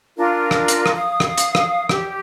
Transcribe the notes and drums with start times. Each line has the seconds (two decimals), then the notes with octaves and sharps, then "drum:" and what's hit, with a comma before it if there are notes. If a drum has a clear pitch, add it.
0.17 D4 F4 A#4
0.51 drum: rim click
0.68 drum: hi-hat
0.86 drum: rim click
0.96 F5 D#6
1.20 drum: rim click
1.38 drum: hi-hat
1.55 drum: rim click
1.89 G4, drum: rim click